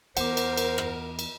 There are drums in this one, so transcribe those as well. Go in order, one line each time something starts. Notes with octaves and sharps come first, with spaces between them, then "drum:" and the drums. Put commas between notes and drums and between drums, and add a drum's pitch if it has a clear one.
E2 A#4 C5 F#5 D6, drum: cymbal
drum: cymbal
drum: cymbal
drum: rim click
drum: cymbal